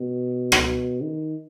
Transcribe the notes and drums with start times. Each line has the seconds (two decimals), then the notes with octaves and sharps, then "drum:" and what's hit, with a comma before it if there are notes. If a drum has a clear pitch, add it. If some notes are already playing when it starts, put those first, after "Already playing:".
Already playing: B2
0.52 drum: rim click
1.02 D#3